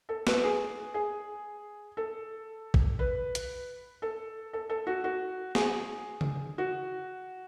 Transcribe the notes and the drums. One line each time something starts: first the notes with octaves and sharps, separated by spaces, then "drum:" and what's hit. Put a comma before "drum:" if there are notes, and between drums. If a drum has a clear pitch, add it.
A4
B4, drum: snare
G#4
G#4
A4
drum: kick A1
B4
drum: hi-hat
A4
A4
A4
F#4
F#4
G#4, drum: snare
drum: tom C#3
F#4